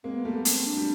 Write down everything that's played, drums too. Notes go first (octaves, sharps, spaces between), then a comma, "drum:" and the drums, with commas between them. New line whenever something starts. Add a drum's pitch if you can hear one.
G#3 A#3 C4
B3
G3 A3 A#3
B3
C4, drum: hi-hat
D4
G3